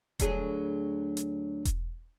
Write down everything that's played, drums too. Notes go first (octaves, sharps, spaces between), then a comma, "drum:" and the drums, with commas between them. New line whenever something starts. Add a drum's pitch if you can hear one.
D2 F#3 G#4, drum: kick E1, hi-hat
drum: hi-hat
drum: kick E1, hi-hat